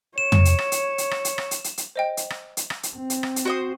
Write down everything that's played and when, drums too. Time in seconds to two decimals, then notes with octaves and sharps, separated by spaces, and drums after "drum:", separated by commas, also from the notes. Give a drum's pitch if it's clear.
0.18 C#5 E7
0.32 drum: tom
0.45 drum: hi-hat
0.59 drum: rim click
0.72 drum: hi-hat
0.98 drum: hi-hat
1.11 drum: rim click
1.25 drum: hi-hat
1.38 drum: rim click
1.51 drum: hi-hat
1.64 drum: hi-hat
1.78 drum: hi-hat
1.96 C5 D#5 G5
2.17 drum: hi-hat
2.30 drum: rim click
2.57 drum: hi-hat
2.70 drum: rim click
2.83 drum: hi-hat
2.97 C4
3.10 drum: hi-hat
3.23 drum: rim click
3.36 drum: hi-hat
3.45 F#4 C5 D#6